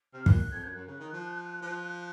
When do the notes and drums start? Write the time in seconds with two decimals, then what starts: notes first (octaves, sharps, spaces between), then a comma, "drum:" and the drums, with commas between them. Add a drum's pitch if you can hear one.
0.14 C3 F6
0.26 A#2 F#6, drum: kick
0.39 F#6
0.50 F2 G#6
0.63 F#2 F#6
0.75 F#2
0.88 C#3
1.00 D#3
1.13 F3
1.62 F3